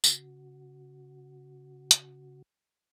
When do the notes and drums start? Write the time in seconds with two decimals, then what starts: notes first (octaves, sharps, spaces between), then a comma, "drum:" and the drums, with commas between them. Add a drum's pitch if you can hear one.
0.04 C#3 F#4, drum: tambourine
1.91 drum: hi-hat